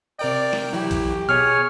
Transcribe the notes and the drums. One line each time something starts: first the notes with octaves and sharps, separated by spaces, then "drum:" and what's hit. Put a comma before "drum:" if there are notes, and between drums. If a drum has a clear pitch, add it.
C3 A#4 D5 G5
drum: snare
E3 F#3 E4 G4
drum: kick, hi-hat
B2 G#4 C#5 F6